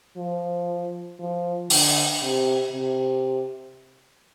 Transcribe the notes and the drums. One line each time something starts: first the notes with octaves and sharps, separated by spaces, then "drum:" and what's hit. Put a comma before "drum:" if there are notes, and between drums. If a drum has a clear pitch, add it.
F3
F3
D3, drum: open hi-hat
C3
C3